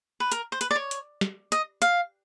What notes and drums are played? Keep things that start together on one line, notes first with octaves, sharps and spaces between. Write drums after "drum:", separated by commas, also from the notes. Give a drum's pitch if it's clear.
B4
A#4, drum: hi-hat
C5
B4, drum: hi-hat
D5
C#5
drum: hi-hat
drum: snare
D#5, drum: hi-hat
F5, drum: hi-hat